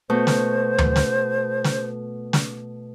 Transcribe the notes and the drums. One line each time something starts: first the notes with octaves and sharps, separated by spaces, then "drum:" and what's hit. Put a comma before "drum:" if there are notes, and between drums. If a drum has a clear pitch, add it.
B2 A3 C5
drum: snare
drum: tom D2
drum: snare
drum: snare
drum: snare